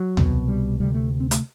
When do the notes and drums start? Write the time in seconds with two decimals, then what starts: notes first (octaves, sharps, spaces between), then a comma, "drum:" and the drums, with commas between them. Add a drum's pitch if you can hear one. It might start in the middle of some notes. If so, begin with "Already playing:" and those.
Already playing: F#3
0.17 C2 B2, drum: tom D#2
0.48 G3
0.80 D2 C3 G3
0.94 A3
1.20 C4
1.31 A3, drum: hi-hat